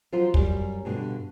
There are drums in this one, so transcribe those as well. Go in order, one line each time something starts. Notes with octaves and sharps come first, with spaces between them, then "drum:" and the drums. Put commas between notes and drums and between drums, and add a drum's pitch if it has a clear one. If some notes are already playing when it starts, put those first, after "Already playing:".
F3 F#3 F4 C5
F#2 G3, drum: kick
G2 B2 D3